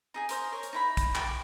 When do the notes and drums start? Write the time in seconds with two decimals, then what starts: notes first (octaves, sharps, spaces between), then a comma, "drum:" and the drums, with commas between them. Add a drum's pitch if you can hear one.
0.14 D#4 G#4 G#5
0.29 A#4 C5 D#5, drum: hi-hat
0.52 A#4 C#5
0.63 drum: hi-hat
0.73 D#4 E4 B5
0.97 drum: kick, hi-hat
1.15 G4 C#6, drum: clap